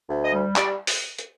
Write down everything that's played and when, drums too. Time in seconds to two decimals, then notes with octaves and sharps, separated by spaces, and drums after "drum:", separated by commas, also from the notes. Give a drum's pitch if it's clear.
0.10 D2
0.25 D#5
0.33 G3
0.56 G3 D5, drum: clap
0.87 drum: open hi-hat
1.18 drum: hi-hat